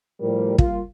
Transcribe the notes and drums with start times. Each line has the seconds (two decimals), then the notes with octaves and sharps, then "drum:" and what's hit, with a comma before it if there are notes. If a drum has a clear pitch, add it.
0.20 A2 F3 G3 A#4
0.58 G3 A#3 F4, drum: kick